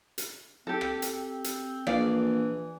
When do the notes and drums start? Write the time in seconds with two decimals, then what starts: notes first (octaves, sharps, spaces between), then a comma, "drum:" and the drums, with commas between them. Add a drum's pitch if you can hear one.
0.18 drum: hi-hat
0.67 C4 G4 A4
0.81 drum: rim click
1.02 drum: hi-hat
1.44 drum: hi-hat
1.87 A#1 E3 G#4 D5 F5, drum: rim click